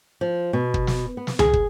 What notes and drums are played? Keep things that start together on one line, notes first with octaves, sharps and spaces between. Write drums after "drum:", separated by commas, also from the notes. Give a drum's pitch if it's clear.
F3
B2
drum: kick
drum: snare
B3
drum: snare
G#4, drum: tom C#2
drum: kick